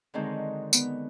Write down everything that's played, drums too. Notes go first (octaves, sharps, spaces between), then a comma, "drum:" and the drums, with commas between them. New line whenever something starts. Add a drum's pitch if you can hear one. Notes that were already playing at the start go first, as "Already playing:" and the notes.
D3 D#3 F#3 G#3 C4 D#4
B3, drum: tambourine